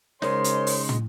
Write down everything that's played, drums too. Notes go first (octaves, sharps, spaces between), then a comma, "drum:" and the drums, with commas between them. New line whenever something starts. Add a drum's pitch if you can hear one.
C#3 G#3 D#4 A#4 C5 C#5 C6, drum: snare
drum: hi-hat
drum: open hi-hat
drum: tom